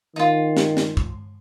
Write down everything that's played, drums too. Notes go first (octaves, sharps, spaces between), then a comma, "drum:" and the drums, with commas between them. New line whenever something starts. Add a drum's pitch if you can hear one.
D#3 D#4 F4
drum: snare
drum: snare
drum: kick